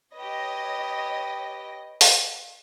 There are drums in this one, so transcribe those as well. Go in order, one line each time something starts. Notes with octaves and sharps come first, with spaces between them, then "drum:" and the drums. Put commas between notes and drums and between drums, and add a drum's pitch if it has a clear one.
G4 B4 C#5 D#5 A#6
drum: open hi-hat